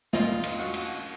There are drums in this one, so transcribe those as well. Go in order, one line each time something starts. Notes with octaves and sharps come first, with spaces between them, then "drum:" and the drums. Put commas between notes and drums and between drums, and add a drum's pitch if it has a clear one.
F4 D#5, drum: snare
drum: cymbal
F#4 F5
drum: cymbal